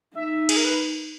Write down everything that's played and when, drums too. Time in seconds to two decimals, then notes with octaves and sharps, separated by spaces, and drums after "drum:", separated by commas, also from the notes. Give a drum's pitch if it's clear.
0.15 D#4 E5
0.49 G#4, drum: cymbal
0.56 A#4
0.65 B4